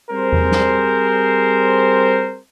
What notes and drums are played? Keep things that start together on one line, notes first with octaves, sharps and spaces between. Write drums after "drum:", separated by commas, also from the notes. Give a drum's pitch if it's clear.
G3 C4 G#4 A#4 C5
drum: tom E2
drum: snare